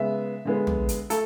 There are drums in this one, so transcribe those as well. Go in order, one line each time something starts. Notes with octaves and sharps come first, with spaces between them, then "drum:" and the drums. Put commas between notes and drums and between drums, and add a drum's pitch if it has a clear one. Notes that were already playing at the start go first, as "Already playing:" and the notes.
Already playing: C#3 G#3 B3 E5
D3 G#3 B3
drum: tom
drum: hi-hat
A3 A4, drum: hi-hat